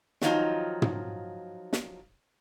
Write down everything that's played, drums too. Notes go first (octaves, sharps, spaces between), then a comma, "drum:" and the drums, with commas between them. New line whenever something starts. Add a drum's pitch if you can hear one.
D#3 F3 F#3 D#4 F4, drum: snare
drum: tom
drum: snare